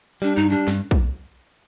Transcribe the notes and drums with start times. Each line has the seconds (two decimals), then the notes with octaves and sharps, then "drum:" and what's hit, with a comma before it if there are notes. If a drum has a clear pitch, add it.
0.22 G3 D4
0.36 G2 D#4
0.49 G3 D4
0.68 G2, drum: snare
0.91 drum: kick A#1